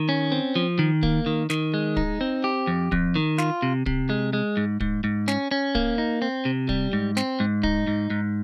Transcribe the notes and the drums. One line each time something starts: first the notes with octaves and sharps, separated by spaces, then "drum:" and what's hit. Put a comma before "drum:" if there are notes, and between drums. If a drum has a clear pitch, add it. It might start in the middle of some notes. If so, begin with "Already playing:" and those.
Already playing: D#3
C#4
C4
F3
D#3
A#3, drum: kick
D#3
D#3, drum: snare
G#3
D#4, drum: kick
C4
G4
F2
F2, drum: kick
D#3
F4, drum: snare
C3
C3, drum: kick
G#3
G#3
G#2
G#2, drum: kick
G#2
C#4, drum: snare
C#4
A#3, drum: kick
D#4
C4
C3
G3, drum: kick
G#2
C4, drum: snare
G#2
D#4, drum: kick
G#2
G#2